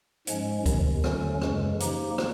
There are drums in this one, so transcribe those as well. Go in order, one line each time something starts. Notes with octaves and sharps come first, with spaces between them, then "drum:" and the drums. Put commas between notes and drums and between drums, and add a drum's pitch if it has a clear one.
G#2 F3 G#3 C#4, drum: hi-hat
E2 C3 D#3, drum: kick C#2, hi-hat
D#2 D3 F#3 A3 C#4, drum: rim click
F#2 C#3 E3 G#3, drum: rim click
F3 A#3 D#4 G4, drum: hi-hat
drum: rim click